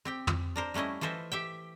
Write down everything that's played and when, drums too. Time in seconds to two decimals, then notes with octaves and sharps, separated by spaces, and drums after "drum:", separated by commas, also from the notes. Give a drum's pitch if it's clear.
0.05 C4 G4 G5
0.27 drum: tom
0.56 D4 A#4 C5
0.74 G3 A3 C#4 E4 D#5
1.01 E3 F4 A4 C5 D#5 E5
1.32 G4 E5 G5